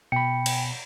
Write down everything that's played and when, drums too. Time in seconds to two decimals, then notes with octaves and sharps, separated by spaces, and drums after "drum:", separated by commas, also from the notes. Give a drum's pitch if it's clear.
0.12 B2 G5 B5 C#7
0.46 drum: cymbal